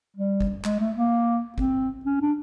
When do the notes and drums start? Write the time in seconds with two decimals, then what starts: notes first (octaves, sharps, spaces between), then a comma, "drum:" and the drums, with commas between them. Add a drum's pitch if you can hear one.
0.16 G3
0.41 drum: kick G1
0.64 G#3, drum: clap
0.80 A3
0.96 A#3
1.58 C4, drum: kick G1
2.05 C#4
2.21 D4